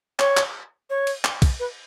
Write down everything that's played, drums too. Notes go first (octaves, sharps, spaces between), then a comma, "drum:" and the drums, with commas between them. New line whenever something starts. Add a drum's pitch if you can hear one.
C#5, drum: clap
drum: clap
C#5
drum: cymbal
drum: clap
drum: kick, cymbal
B4